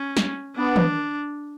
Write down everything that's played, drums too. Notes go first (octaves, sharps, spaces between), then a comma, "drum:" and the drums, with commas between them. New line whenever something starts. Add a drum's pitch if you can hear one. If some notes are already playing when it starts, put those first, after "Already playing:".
Already playing: C#4
drum: snare
B3 D4
drum: tom D#3